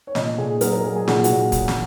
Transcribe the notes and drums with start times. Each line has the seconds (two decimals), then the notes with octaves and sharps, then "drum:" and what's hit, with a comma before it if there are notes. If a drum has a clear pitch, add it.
0.07 C#5
0.15 A#2 D#5, drum: snare
0.38 A#2 G#4
0.61 F#3 A#4, drum: hi-hat
0.72 A#4
0.84 F#3 G#4
0.96 G#4
1.08 A#2 F#4, drum: snare
1.15 G#4
1.24 F#4, drum: hi-hat
1.30 A#2
1.52 F#3, drum: kick, hi-hat
1.68 drum: snare